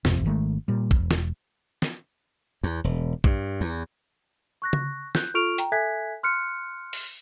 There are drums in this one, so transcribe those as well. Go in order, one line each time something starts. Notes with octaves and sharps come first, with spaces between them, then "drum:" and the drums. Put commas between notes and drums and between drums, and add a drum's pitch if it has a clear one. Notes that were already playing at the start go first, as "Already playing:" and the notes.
D#1 G#1 F2 C3, drum: snare
G#1 D#3 G#3 A3
A#2 G3
E1, drum: kick
drum: snare
drum: snare
E2
E1
G2, drum: kick
E2
C#6 F#6 A#6
drum: tom C#3
F#6 G6, drum: snare
F4 A4 C#6 F6 D7 F7
G5 A#5, drum: hi-hat
A4 E5 G#5 F#6 G#6 B6
C6 F6 F#6 C#7
drum: open hi-hat